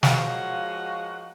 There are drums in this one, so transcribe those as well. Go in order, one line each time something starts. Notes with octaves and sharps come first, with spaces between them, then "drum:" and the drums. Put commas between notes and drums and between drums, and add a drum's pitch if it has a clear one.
F3 G#3 A#3 F#4 C#5 F#5, drum: snare